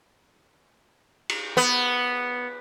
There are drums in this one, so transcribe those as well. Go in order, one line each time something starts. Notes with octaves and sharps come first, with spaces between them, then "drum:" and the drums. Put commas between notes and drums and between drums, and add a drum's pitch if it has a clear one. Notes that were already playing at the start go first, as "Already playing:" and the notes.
drum: cymbal
B3